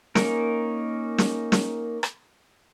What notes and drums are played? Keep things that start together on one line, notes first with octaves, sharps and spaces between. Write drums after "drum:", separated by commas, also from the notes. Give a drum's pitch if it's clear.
A#3 C#4 D#4 A#4, drum: snare
drum: snare
drum: snare
drum: rim click